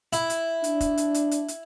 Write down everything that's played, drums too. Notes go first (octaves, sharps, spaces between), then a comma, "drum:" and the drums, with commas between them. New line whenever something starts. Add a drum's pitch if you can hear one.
E4, drum: hi-hat
drum: hi-hat
D4, drum: hi-hat
drum: kick F1, hi-hat
drum: hi-hat
drum: hi-hat
drum: hi-hat
drum: hi-hat